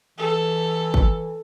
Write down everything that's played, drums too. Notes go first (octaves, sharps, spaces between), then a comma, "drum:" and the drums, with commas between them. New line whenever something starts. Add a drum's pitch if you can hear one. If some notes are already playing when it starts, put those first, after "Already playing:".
E3 A4
drum: kick G#1